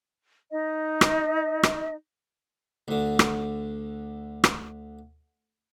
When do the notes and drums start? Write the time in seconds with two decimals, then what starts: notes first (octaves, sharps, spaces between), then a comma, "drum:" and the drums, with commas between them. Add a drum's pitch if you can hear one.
0.51 D#4 D#5
1.01 drum: rim click
1.63 drum: rim click
2.88 D2 D3
3.19 drum: rim click
4.44 drum: rim click